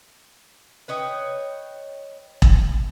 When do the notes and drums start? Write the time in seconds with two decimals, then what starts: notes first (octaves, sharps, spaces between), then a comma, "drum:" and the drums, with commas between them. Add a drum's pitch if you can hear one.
0.88 B4 C#5 D#5 G5
2.42 drum: kick E1